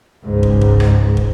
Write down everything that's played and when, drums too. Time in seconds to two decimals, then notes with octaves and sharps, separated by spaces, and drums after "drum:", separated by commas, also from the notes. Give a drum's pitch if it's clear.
0.24 C#2 G#2
0.43 drum: kick
0.61 drum: kick
0.80 drum: rim click
1.17 drum: kick